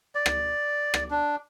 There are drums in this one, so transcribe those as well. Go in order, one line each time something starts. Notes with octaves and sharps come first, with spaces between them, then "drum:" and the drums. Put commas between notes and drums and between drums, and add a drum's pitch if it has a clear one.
D5
drum: rim click
drum: rim click
D4